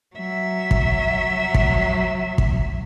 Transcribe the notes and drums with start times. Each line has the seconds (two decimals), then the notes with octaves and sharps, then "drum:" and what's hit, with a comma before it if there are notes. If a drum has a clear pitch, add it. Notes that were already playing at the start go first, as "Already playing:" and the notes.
0.15 F#3 E5
0.71 drum: kick
1.54 drum: kick
2.38 drum: kick